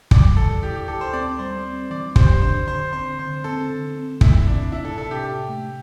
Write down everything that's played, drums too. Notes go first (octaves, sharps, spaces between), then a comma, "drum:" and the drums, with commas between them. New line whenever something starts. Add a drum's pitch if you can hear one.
G3 D5, drum: kick
E2 A4
E4 G4
G4
D2 A4
C5
C4 D5
G3 C5
C4
E3 D5
G4 C5, drum: kick
D4 C5
D3 C5
C4 C5
D3 C5
C4 A4
D3
C4
A3 E4, drum: kick
A2 D4
D4 E4
A4
C3 A4
G4
A2
A3